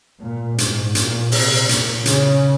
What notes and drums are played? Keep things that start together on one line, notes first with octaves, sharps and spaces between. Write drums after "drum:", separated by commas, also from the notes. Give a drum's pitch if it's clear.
A#2
G#2, drum: hi-hat
A#2, drum: hi-hat
C3, drum: open hi-hat
A#2, drum: hi-hat
C#3, drum: hi-hat